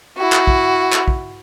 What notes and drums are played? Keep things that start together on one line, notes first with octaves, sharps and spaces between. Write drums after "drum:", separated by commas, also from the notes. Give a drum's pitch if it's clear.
E4 F#4
drum: clap
drum: kick
drum: clap
drum: kick